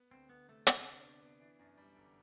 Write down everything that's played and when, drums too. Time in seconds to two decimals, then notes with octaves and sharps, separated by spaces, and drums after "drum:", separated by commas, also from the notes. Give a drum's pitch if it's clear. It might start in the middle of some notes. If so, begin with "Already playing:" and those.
Already playing: B3
0.11 D2 C4
0.29 D2 B3
0.48 C3 A3
0.67 C3 D4, drum: hi-hat
0.77 C4
0.86 C3 D4
1.04 B3
1.22 B3
1.40 E3
1.59 F#2
1.78 G3
1.96 G1